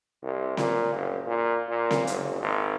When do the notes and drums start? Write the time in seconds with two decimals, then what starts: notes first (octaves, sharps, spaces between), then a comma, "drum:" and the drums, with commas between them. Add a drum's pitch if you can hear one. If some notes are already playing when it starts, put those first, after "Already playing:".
0.22 C2
0.57 A#2, drum: snare C4
0.94 F#1
1.26 A#2
1.68 A#2
1.91 drum: snare C4
2.07 F#1, drum: hi-hat
2.41 G#1